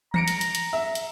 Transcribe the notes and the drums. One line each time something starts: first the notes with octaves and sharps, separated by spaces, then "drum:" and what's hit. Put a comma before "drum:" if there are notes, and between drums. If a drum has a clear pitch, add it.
A#5 A#6 C#7 D7, drum: tom E3
drum: hi-hat
drum: hi-hat
drum: hi-hat
E5
drum: hi-hat